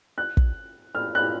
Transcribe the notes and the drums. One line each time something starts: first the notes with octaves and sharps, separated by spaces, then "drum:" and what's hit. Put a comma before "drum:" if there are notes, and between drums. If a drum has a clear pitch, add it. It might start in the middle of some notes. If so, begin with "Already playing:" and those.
F#6
drum: kick
F6
F#6